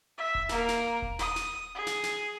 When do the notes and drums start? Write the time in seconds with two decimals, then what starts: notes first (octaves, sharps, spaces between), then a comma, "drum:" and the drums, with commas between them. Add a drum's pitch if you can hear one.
0.18 E5
0.35 drum: kick D#1
0.49 A#3 A#4, drum: snare
0.68 drum: snare
1.02 drum: kick D#1
1.19 D#6, drum: snare
1.36 drum: snare
1.75 G#4
1.87 drum: snare
2.03 drum: snare